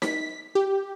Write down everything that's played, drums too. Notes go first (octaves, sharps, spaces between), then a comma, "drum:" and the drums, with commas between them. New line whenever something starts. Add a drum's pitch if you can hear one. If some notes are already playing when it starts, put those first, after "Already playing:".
B6, drum: snare D#4
G4